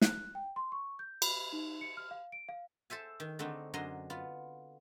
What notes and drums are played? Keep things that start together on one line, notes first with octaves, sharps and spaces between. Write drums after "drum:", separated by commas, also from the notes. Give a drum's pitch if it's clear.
F#6, drum: snare
G5
C6
C#6
G6
B5, drum: cymbal
D#4
C#7
F6
F5
D7
F5
A4 C5 E5 G#5
D#3
D3 A3 C4 D#4
F#2 D3 D#5 G#5 A#5 C6
B3 F4